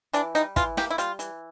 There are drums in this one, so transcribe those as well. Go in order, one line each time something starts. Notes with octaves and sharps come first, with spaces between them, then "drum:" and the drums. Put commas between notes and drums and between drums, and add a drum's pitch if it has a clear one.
E3 D4, drum: hi-hat
G3 D#4, drum: hi-hat
E3 F4, drum: kick, hi-hat
A#3 G4, drum: snare
E4
G3 F4, drum: hi-hat
E3, drum: hi-hat